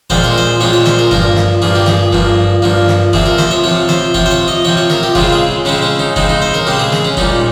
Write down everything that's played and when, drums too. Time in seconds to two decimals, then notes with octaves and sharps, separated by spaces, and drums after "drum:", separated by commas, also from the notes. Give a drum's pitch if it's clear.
0.10 A#2 F3 G#3 C4 C5, drum: kick
0.24 A#4
0.38 C5
0.61 A#2 F3 G#3 C4 C#5
0.73 C#5
0.86 C5, drum: snare
0.99 A#4
1.11 G2 F3 A#3 A#4, drum: kick
1.36 drum: snare
1.62 G2 F3 A#3 G#4
1.75 G4
1.86 G#4, drum: snare
2.12 G2 F3 A#3, drum: kick
2.62 G2 F3 A#3
2.88 drum: snare
3.13 C3 F3 C4 G#4, drum: kick
3.26 A#4
3.38 C5, drum: snare
3.51 C#5
3.63 C3 F3 C4 C#5
3.89 C5, drum: snare
4.14 C3 F3 C4 C#5, drum: kick
4.26 C5
4.31 C#5
4.48 D#5
4.65 C3 F3 C4 C#5
4.77 C#5
4.90 A#4, drum: snare
5.03 G4
5.15 C#3 G#3 C4 F4, drum: kick
5.33 G#4
5.65 C#3 G#3 C4 C#4
5.83 C#4
5.99 D#4
6.16 C#3 G#3 C4 D#4, drum: kick
6.29 D#4
6.42 C5
6.54 A#4
6.67 C#3 G#3 C4 G4
6.79 G#4
6.92 G#4, drum: snare
7.05 C#4
7.17 A#2 G3 C#4 D#4, drum: kick